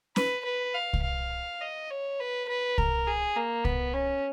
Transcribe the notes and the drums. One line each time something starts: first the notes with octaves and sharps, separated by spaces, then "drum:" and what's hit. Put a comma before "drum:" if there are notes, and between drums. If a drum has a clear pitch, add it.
B4, drum: snare C#4
B4
F5
drum: kick C2
F5
D#5
C#5
B4
B4
A#4, drum: kick C2
G#4
A#3
B3, drum: kick C2
C#4